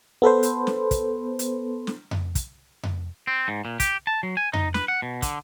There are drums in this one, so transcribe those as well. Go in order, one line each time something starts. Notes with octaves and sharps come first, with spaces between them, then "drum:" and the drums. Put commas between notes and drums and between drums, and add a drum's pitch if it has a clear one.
B3 A4 B4 C5
drum: hi-hat
drum: snare
drum: kick, hi-hat
drum: hi-hat
drum: snare
drum: tom F2
drum: kick, hi-hat
drum: tom F2
C4
G#2
A#2
G4, drum: kick, hi-hat
A5
F#3
G#5
D#4, drum: tom F2
B4, drum: snare
F#5
B2
D3, drum: kick, hi-hat